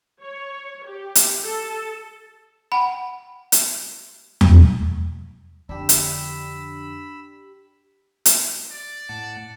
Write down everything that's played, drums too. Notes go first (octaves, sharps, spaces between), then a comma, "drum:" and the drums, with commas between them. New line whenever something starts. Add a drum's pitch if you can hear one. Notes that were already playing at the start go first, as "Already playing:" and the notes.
C#5
G4
drum: hi-hat
A4
F#5 G5 B5
drum: hi-hat
drum: tom E2
F2 D3 D4 G4 B5 E6
drum: hi-hat
drum: hi-hat
D5
A2 F#5 A5